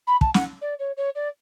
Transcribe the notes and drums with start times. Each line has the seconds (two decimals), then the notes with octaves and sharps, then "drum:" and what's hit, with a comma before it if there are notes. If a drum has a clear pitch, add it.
0.07 B5
0.21 A5, drum: kick
0.34 F#5, drum: snare
0.61 D5
0.79 C#5
0.97 C#5
1.15 D5